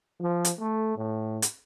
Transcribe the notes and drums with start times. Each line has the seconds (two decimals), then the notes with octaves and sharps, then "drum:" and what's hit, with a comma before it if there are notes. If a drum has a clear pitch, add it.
0.20 F3
0.45 drum: hi-hat
0.59 A3
0.96 A2
1.42 drum: hi-hat